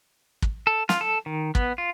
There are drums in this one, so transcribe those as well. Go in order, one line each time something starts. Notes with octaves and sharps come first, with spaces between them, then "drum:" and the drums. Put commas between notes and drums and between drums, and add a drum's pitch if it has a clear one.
drum: kick
A4
F4, drum: snare
A4
D#3
B3, drum: kick
F4